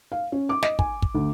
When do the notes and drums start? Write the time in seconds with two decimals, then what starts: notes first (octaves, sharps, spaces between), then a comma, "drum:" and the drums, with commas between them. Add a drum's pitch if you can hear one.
0.12 F5
0.32 C#4
0.49 D6
0.63 D#5, drum: snare
0.79 G#5, drum: kick
1.02 drum: kick
1.15 D2